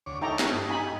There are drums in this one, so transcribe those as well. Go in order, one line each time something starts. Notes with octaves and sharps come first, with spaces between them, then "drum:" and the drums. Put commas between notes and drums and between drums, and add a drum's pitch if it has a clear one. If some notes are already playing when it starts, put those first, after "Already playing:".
D2 C#5 D6
D#4 E4 A4 C#5 G5 A#5
drum: snare
G2 D#5
D#4 G#5 B5